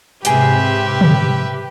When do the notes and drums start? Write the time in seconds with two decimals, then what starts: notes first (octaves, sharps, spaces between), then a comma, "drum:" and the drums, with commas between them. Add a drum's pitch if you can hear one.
0.25 G#2 C3 G4 G#4 B4 E5 G5, drum: hi-hat
1.01 drum: tom